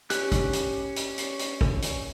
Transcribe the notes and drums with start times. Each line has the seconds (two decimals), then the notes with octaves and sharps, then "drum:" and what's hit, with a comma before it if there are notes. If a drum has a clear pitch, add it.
0.10 C#4 G4 F#6, drum: hi-hat
0.32 drum: kick, hi-hat
0.53 drum: hi-hat
0.96 drum: hi-hat
1.18 drum: hi-hat
1.39 drum: hi-hat
1.61 drum: kick
1.82 drum: hi-hat